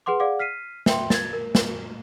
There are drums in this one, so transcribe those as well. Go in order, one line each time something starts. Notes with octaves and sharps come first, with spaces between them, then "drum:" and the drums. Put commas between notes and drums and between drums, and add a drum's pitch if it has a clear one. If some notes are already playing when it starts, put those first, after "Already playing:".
G#4 B4 F#5 C6 D6
G#4 D5 F5 F#5 D6
F6 B6 C7 D#7
E5 G5 C6, drum: snare
G#6 A6, drum: snare
A#4
drum: snare